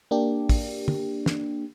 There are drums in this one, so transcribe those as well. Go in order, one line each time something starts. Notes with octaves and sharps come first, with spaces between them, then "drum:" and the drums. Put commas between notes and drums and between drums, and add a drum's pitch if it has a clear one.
A#3 D4 G4
drum: kick, open hi-hat
drum: tom
drum: snare